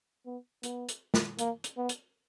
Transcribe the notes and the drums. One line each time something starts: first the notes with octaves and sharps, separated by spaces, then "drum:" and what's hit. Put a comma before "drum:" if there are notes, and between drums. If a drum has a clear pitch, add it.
B3
B3, drum: hi-hat
drum: hi-hat
drum: snare
A#3, drum: hi-hat
drum: hi-hat
B3
drum: hi-hat